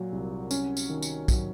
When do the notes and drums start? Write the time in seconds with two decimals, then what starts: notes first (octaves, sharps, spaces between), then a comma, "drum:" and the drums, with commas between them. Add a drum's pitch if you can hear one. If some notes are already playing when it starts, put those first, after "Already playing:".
Already playing: A#2 F#3
0.12 C2
0.51 C#4, drum: tambourine
0.77 drum: tambourine
0.90 D#3
1.02 drum: tambourine
1.28 F#3, drum: kick, tambourine